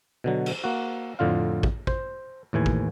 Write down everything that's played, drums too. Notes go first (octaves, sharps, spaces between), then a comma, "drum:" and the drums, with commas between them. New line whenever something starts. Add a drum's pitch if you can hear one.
B2 D3 F#3
drum: cymbal
A#3 F#4
F2 A2 D3 F4 F5
drum: kick
C5, drum: kick
D#2 A2 E3 G#5
drum: kick